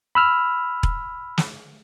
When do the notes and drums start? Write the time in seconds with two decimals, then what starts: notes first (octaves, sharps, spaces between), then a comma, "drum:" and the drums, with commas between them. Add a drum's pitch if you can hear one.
0.15 B5 E6 F6
0.83 drum: kick E1
1.38 drum: snare